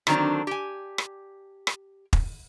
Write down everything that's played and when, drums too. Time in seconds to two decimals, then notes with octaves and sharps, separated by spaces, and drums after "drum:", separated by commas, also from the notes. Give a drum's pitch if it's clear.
0.07 D3 D#3 F#3 C4 D4, drum: rim click
0.47 G4 G#5
0.98 drum: rim click
1.67 drum: rim click
2.13 drum: kick